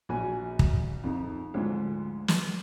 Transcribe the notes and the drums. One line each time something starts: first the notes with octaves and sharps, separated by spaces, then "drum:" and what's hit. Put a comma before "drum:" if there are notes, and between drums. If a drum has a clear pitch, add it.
A#1 F#4 G#5
drum: kick
F2 D#4
D2 G#2 F3
drum: snare